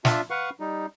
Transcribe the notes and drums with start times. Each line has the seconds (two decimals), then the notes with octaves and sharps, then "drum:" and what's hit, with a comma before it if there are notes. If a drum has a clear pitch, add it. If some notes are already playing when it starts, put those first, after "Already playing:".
0.05 D4 F4 E5, drum: snare
0.30 B4 F5 F#5 C#6
0.60 G3 D#4